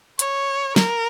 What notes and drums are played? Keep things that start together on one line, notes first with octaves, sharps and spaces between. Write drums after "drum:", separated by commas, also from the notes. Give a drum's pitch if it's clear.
C#5, drum: hi-hat
A#4, drum: snare